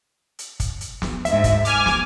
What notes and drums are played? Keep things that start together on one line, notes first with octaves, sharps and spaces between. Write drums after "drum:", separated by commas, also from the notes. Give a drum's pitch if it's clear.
drum: hi-hat
drum: kick, hi-hat
drum: hi-hat
drum: snare
D2 G#2 E5, drum: hi-hat
drum: kick, hi-hat
G#5 D6 F6, drum: hi-hat
drum: snare